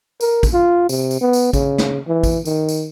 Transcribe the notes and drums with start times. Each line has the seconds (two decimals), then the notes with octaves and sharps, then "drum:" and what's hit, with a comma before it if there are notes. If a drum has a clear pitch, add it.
0.21 A#4, drum: tambourine
0.43 drum: kick, tambourine
0.53 F4
0.89 C3, drum: tambourine
1.11 drum: tambourine
1.21 B3
1.33 drum: tambourine
1.53 C#3, drum: kick, tambourine
1.78 drum: snare
2.07 E3
2.23 drum: kick, tambourine
2.45 D#3, drum: tambourine
2.69 drum: tambourine